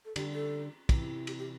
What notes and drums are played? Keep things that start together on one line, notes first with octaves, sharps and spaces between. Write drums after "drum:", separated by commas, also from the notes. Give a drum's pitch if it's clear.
A4
D3 G3 G4, drum: cymbal
A4
C3 E3, drum: kick, cymbal
G4, drum: cymbal
G4